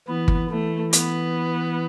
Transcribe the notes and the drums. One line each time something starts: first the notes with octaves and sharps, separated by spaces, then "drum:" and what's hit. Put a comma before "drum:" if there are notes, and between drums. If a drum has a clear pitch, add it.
E3 B3 E4
drum: kick G1
E3 A3 E4
B3, drum: hi-hat